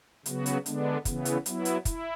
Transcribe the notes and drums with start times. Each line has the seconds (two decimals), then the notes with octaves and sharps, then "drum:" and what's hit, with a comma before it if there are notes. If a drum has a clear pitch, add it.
0.26 C#3 F#3 B3 F#4, drum: hi-hat
0.46 drum: hi-hat
0.66 D3 G#3 B3 D4, drum: hi-hat
1.05 C#3 E3 B3, drum: kick, hi-hat
1.25 drum: hi-hat
1.46 F#3 B3 E4, drum: hi-hat
1.65 drum: hi-hat
1.85 E4, drum: kick, hi-hat